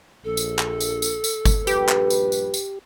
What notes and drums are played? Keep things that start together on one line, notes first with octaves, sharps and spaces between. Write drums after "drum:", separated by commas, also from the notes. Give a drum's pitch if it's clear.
A#1 A4
drum: tambourine
drum: clap
drum: tambourine
drum: tambourine
drum: tambourine
drum: kick G1, tambourine
A#1 G2 G4 B4, drum: tambourine
drum: clap
drum: tambourine
drum: tambourine
drum: tambourine